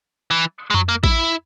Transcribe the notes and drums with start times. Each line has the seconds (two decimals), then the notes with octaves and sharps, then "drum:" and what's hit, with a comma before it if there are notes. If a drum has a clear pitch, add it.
0.31 E3
0.70 G#3
0.74 F#3, drum: tom F2
0.89 A#3
1.04 E4, drum: kick A1